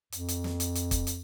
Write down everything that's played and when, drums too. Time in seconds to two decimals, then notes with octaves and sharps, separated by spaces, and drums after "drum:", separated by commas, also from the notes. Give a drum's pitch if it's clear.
0.12 F2, drum: hi-hat
0.28 drum: hi-hat
0.44 drum: snare
0.60 drum: hi-hat
0.75 drum: hi-hat
0.91 drum: kick, hi-hat
1.07 drum: hi-hat